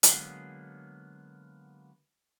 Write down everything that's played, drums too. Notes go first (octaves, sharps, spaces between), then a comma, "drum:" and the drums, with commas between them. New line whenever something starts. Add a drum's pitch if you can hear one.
D3 F#3 G#3 A#3 B3 G#4, drum: hi-hat